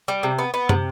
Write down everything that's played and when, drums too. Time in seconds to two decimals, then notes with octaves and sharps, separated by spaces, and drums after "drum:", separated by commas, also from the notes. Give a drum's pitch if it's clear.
0.08 G3
0.23 C3
0.39 B3
0.54 B3
0.69 C3, drum: tom